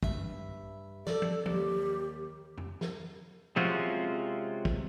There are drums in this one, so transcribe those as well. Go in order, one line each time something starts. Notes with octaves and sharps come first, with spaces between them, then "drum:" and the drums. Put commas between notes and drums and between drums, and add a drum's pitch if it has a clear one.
G2 E5, drum: kick
A4 D5, drum: snare
drum: tom F3
D#2 G4, drum: tom F3
drum: tom F2
drum: snare
C3 G#3 C4 C#4 F4 F#4, drum: tom F3
drum: kick